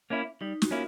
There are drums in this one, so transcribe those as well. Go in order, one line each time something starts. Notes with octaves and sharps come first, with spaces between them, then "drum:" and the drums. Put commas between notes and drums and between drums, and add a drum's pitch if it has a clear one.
A#3 C#4 E4
G3 D#4
F#4, drum: snare
A#3 C#4 E4 F4